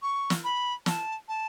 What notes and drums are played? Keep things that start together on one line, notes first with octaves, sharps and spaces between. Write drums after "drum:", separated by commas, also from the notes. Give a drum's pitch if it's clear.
C#6
drum: snare
B5
A5, drum: snare
A5